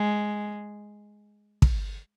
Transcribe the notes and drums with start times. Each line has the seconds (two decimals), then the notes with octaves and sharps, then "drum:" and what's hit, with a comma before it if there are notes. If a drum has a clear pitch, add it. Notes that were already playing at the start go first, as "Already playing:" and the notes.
Already playing: G#3
1.62 drum: kick